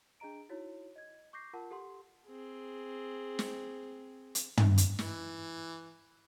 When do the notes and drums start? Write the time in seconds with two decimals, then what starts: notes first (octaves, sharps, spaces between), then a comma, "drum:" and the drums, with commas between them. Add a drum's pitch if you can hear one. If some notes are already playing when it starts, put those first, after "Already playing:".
0.20 D4 G#4 D#5 A#5 D7
0.49 D#4 E4 F#4 C#5
0.96 D#5 G#6
1.33 C#6 D6 G6 A#6 C7
1.53 F4 A#4 F#5 A5
1.71 G4 A4 F#5 C6
2.26 C4 G#4
3.39 drum: snare
4.35 drum: hi-hat
4.57 drum: tom
4.78 drum: hi-hat
4.99 E3, drum: snare